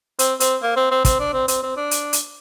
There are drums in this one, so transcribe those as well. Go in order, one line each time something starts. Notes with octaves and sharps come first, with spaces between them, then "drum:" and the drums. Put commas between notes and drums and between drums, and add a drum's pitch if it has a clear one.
C4, drum: hi-hat
C4, drum: hi-hat
A#3
C4
C4
C4, drum: kick, hi-hat
D4
C4
C4, drum: hi-hat
C4
D4
drum: hi-hat
drum: hi-hat